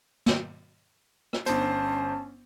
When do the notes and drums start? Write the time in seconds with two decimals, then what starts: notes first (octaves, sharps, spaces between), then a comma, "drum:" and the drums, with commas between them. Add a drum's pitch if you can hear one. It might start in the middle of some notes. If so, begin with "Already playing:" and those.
0.26 drum: snare
1.33 drum: rim click
1.46 G1 B3 C#4 D4 E4 C5 A5, drum: hi-hat